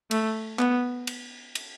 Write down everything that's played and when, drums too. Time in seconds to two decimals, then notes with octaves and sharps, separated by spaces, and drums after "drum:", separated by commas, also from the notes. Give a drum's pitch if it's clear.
0.11 A3, drum: cymbal
0.59 B3, drum: clap
1.07 drum: cymbal
1.55 drum: cymbal